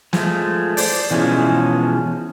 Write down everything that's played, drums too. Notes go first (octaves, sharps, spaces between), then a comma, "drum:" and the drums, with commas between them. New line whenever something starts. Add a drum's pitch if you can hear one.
F3 G#3 A3, drum: snare
C5 D5, drum: open hi-hat
B2 E3 F3 G#3 C#4 G#4